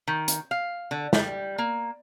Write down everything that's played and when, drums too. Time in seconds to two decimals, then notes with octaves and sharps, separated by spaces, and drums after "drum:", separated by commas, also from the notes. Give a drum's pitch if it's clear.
0.08 D#3
0.28 drum: hi-hat
0.51 F5
0.91 D3
1.13 G3, drum: snare
1.58 A#3